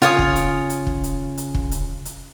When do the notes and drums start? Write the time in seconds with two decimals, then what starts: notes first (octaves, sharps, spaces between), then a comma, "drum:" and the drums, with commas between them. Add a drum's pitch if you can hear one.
0.02 C#3 F4 C#5 D#6, drum: hi-hat
0.19 drum: kick
0.36 drum: hi-hat
0.70 drum: hi-hat
0.87 drum: kick
1.04 drum: hi-hat
1.38 drum: hi-hat
1.54 drum: kick
1.71 drum: hi-hat
2.05 drum: hi-hat